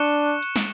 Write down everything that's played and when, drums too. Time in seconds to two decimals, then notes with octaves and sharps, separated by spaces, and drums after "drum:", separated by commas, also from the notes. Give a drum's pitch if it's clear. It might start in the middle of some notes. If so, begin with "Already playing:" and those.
Already playing: D4 C#6 F#6 C#7 E7 G7
0.42 drum: hi-hat
0.56 drum: snare